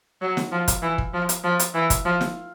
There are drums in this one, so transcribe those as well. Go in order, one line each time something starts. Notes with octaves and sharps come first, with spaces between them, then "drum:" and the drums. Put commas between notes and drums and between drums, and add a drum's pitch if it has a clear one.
F#3
drum: snare
F3
drum: kick, hi-hat
E3
drum: kick
F3
drum: hi-hat
F3
drum: hi-hat
E3
drum: kick, hi-hat
F3
drum: snare